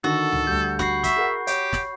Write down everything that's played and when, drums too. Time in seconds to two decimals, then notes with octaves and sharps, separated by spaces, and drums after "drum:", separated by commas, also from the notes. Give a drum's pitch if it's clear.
0.04 D3 D#3 F#4 A4
0.32 drum: tom C#2
0.47 D2 G3 G6
0.79 F#4 B5 C7, drum: snare
1.04 E5 C#6, drum: kick, hi-hat
1.16 G#4 A#4 F#5
1.47 G4 C#5, drum: hi-hat
1.73 drum: snare